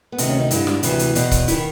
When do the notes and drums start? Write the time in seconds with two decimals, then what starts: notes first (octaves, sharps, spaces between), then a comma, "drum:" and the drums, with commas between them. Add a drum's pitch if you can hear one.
0.12 B3
0.18 D2 C3 D#3 C4, drum: hi-hat
0.29 C#4
0.40 D#4
0.51 G2 D3 E4, drum: hi-hat
0.67 drum: snare
0.83 D2 C3 E3, drum: hi-hat
0.99 drum: hi-hat
1.15 E2 B2, drum: hi-hat
1.31 drum: kick C#1, hi-hat
1.48 E4, drum: hi-hat
1.51 D#3